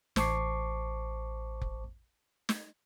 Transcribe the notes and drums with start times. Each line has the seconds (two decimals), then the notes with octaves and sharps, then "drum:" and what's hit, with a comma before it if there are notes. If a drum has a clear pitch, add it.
0.16 A1 C5 A5 C#6 D6 C7, drum: snare
1.61 drum: kick F1
2.49 drum: snare